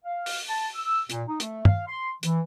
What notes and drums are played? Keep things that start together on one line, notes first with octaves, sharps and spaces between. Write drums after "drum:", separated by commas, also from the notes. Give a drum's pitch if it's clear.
F5
drum: open hi-hat
A5
E6
A#2, drum: hi-hat
D#4
A3, drum: hi-hat
F5, drum: tom
C6
E3, drum: hi-hat